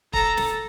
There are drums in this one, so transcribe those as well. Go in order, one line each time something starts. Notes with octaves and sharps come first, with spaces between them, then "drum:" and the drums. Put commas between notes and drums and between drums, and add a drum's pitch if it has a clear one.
A4 A#5, drum: kick
drum: snare